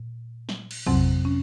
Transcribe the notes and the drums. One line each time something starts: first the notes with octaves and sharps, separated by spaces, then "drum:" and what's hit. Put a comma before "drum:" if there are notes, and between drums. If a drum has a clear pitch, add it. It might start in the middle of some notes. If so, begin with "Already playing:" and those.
Already playing: A#2
drum: snare
drum: cymbal
F2 C3 F#3 C4, drum: kick
C#4